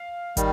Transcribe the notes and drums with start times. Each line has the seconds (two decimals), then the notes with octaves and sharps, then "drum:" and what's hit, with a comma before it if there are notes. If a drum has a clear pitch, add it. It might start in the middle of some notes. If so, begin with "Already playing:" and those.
Already playing: F5
0.37 D#3 G3, drum: kick, hi-hat